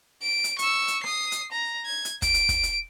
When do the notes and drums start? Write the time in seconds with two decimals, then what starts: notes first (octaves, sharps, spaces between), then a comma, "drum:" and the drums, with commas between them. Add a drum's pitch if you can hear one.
0.22 D7
0.44 drum: hi-hat
0.59 C#6 E6, drum: hi-hat
0.88 drum: hi-hat
1.04 D#6 C7, drum: rim click
1.32 drum: hi-hat
1.52 A#5
1.85 G#6
2.05 drum: hi-hat
2.22 D7, drum: kick, hi-hat
2.34 drum: hi-hat
2.49 drum: kick, hi-hat
2.63 drum: hi-hat